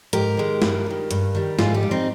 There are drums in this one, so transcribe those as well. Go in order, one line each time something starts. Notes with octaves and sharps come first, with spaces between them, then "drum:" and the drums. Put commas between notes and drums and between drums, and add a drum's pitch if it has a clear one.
G#2 G4 A#4, drum: hi-hat
D#3 G#3
G2, drum: snare
D#3 G3
G2, drum: hi-hat
D#3 G3
G#2 F4 G#4, drum: snare
D#4 G4
G3
C4 D#4